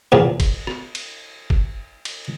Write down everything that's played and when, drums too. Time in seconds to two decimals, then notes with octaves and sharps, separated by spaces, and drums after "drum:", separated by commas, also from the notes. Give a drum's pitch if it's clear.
0.12 A#1 E2 A#2
0.40 drum: kick, cymbal
0.67 drum: rim click
0.95 drum: cymbal
1.50 drum: kick
2.05 drum: cymbal